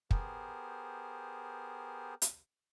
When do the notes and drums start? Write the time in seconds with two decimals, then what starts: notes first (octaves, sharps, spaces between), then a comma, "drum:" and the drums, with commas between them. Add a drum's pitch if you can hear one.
0.11 B3 G4 G#4 A#4 C5, drum: kick
2.22 drum: hi-hat